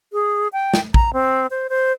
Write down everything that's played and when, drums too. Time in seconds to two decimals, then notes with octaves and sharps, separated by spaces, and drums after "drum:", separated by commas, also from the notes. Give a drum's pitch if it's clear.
0.13 G#4
0.53 G5
0.74 drum: snare
0.94 A#5, drum: kick
1.13 C4
1.51 C5
1.69 C5